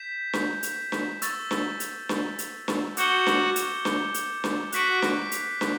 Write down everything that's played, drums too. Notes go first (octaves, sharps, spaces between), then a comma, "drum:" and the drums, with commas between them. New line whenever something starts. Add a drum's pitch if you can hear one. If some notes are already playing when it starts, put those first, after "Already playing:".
Already playing: G6 B6 E7
drum: snare
drum: hi-hat
drum: snare
C#6 E6 A6, drum: hi-hat
drum: snare
drum: hi-hat
drum: snare
drum: hi-hat
drum: snare
F#4 D6 G6 C#7 E7 G7, drum: hi-hat
drum: snare
drum: hi-hat
drum: snare
drum: hi-hat
drum: snare
F#4 F#6 B6 D7, drum: hi-hat
drum: snare
drum: hi-hat
drum: snare